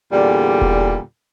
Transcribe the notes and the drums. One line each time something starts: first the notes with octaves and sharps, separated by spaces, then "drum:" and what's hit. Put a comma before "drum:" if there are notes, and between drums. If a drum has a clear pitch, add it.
E2 A#2 D3 G3
drum: kick E1